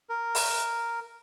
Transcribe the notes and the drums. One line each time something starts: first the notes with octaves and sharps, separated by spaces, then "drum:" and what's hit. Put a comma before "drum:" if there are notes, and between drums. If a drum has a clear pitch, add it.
A#4
drum: open hi-hat